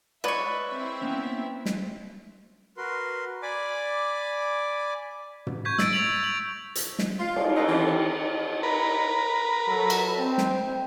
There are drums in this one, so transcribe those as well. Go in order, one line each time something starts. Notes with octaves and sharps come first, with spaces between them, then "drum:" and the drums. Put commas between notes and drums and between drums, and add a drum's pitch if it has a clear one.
G#3 B4 C#5 D5 E5 C#6
C4 E4 E5
A#3 B3 C#4
drum: snare
F#4 A#4 B4 C6
D5 G#5 B5 D6
drum: tom
C#6 G6 G#6 B6
E6 A6 D7, drum: snare
B6 F7 F#7
F#7
drum: hi-hat
drum: snare
F4
drum: cymbal
C#4 D#4 F4 A4 B4 D#5
D#3 E3 C4 C#4 G4 A4
A#4 B4
F#3 A4
drum: cymbal
C4
drum: snare